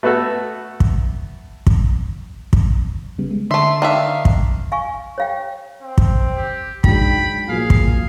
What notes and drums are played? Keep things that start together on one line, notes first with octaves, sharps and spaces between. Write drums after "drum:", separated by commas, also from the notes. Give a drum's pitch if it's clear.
A3 B3 F#4 A4
drum: kick
drum: kick
drum: kick
C#3 G3 B3
G#3
D3 A3 E5 C6
D#3 D4 E5 F5
drum: kick
F5 G#5 C#6
C#5 F5 G5
C4
drum: kick
G4
G#2 F#3 D4 G5 B5, drum: kick
A#2 F3 F#3 G#4 F5
drum: kick